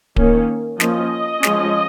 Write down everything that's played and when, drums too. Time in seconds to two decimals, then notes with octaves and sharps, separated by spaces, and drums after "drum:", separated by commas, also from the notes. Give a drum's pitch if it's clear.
0.16 D#3 A#3 C#4, drum: kick D1
0.80 F3 A#3 C#4 D#5, drum: snare
1.43 F3 G#3 C#4, drum: snare